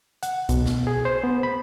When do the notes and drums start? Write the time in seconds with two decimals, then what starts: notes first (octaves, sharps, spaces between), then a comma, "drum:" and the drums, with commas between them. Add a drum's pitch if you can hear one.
0.23 F#5, drum: hi-hat
0.49 B2, drum: kick, hi-hat
0.65 drum: snare
0.87 G#4
1.05 C5
1.24 B3
1.43 B5